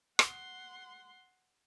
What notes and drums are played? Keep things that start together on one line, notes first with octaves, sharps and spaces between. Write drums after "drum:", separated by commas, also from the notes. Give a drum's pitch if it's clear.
F#5 C6, drum: rim click